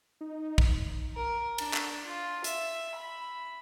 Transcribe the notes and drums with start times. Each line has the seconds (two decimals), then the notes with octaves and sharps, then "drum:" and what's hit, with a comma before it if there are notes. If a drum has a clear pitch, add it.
0.21 D#4
0.58 drum: kick
1.15 A#4
1.58 D4, drum: cymbal
1.74 drum: clap
2.06 F4
2.44 E5, drum: hi-hat
2.95 B5